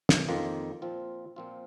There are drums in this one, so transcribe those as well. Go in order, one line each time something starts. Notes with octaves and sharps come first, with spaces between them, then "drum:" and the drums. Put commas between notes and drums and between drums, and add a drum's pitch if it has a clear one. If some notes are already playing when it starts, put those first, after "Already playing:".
drum: snare
F2 D#3 A#3 F4
A#2 F3 C4 F4
A#2 F3 C4 F4